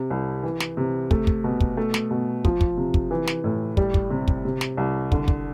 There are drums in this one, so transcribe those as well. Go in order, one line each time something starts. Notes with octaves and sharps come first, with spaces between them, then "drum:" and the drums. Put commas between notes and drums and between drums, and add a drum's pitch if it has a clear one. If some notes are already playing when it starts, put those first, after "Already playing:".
Already playing: C3
C2
E3
drum: snare
C3
A3, drum: kick
drum: kick
B2
drum: kick
A3
drum: snare
B2
F3, drum: kick
drum: kick
C3
drum: kick
E3
drum: snare
A2
G3, drum: kick
drum: kick
C3
drum: kick
C3
drum: snare
C2
D3, drum: kick
drum: kick